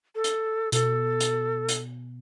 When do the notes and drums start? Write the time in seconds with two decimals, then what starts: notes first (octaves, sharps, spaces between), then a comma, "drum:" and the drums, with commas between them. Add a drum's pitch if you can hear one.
0.15 A4
0.24 drum: hi-hat
0.72 B2 A4, drum: hi-hat
1.20 drum: hi-hat
1.69 drum: hi-hat